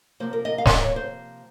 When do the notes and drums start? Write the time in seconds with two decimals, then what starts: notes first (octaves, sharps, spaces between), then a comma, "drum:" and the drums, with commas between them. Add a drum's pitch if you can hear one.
0.20 C3 F3 A#3 C5
0.33 A#4
0.45 D#5
0.58 F5
0.66 C#5, drum: snare
0.70 D#5
0.83 C#5
0.96 C5